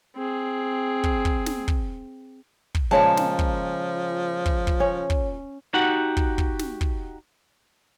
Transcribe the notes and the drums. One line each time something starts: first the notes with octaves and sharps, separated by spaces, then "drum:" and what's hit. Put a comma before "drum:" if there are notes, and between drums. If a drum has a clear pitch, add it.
C4 G#4
drum: kick
drum: kick
drum: snare
drum: kick
drum: kick
A#2 C#3 F3 G#3 C#5 A5
drum: snare
drum: kick
drum: kick
drum: kick
C#4
drum: kick
D#4 F#4 G4 F#5
drum: kick
drum: kick
drum: snare
drum: kick